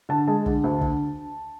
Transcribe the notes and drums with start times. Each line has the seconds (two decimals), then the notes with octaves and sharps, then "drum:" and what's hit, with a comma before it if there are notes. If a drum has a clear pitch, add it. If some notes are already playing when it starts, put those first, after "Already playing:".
0.09 D3 A5
0.28 G#3 A5
0.46 D3, drum: kick
0.64 D2
0.81 D3, drum: kick